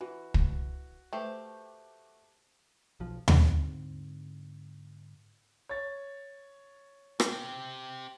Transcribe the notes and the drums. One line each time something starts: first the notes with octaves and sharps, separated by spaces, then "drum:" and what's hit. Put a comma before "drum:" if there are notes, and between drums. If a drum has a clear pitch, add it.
E3 F#4
drum: kick
A3 G4 B4 C5
B1 F3
G#2 D3 C4, drum: tom D#2
C#5 A6
C4 G4, drum: rim click